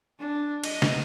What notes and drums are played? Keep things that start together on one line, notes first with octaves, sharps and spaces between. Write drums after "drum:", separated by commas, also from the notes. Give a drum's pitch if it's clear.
D4
D#5, drum: cymbal
drum: snare